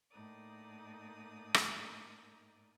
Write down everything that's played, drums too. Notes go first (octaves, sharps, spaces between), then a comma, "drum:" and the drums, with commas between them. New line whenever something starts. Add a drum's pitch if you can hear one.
A2 A#3 D#4 D5 D#6
drum: rim click